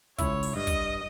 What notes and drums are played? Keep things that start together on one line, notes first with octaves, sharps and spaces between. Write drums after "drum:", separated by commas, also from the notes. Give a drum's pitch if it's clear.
C#2 E4 C#5 E5, drum: kick, hi-hat
drum: open hi-hat
G2 D#5
drum: kick, hi-hat